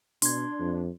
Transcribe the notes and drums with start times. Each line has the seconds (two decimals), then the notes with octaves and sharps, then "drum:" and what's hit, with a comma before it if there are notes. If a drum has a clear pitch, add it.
0.22 B2 D4 C6 G#6, drum: open hi-hat
0.60 F2